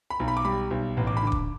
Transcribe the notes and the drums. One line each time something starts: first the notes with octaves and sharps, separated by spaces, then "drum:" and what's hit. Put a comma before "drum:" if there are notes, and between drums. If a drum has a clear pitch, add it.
B5
B1
B5
D6
G3 B5
B1
A1
D6
B5
D3 D6
drum: kick